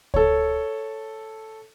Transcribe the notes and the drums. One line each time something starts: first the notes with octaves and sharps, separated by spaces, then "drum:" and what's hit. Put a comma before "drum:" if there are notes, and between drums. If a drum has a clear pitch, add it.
A4 C#5, drum: kick C#2